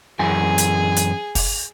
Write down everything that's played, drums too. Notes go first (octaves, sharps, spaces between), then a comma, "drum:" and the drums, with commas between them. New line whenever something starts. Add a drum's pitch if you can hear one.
F#2 E3 G#4 G#5
drum: hi-hat
drum: hi-hat
drum: kick, open hi-hat